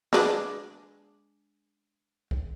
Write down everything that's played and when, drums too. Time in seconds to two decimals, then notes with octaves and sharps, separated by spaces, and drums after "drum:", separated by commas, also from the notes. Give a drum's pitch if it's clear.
0.13 G#3 D4, drum: snare
2.31 drum: kick C2